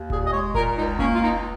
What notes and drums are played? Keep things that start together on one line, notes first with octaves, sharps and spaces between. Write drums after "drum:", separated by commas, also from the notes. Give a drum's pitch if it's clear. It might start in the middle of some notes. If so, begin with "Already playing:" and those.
Already playing: D#2
A#2 G#4, drum: kick F1
D#5
G#3 C#5
A#2 A#4, drum: kick F1
C#2 D#4
A#3 C#4, drum: kick F1
F4
C#2 D#4